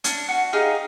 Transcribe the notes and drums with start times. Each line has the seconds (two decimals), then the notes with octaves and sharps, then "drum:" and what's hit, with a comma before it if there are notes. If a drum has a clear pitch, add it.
0.04 C#4 D4, drum: hi-hat
0.29 F#4
0.53 D#4 G4 G#4 F5